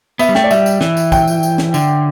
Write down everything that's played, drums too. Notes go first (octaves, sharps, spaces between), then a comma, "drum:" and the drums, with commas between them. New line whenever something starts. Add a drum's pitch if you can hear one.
B3 E5, drum: tambourine
G3
A3 G5, drum: snare
D5
G3 E5, drum: tambourine
drum: tambourine
E3, drum: snare
drum: tambourine
G5, drum: kick, tambourine
drum: tambourine
drum: tambourine
drum: snare
D3, drum: tambourine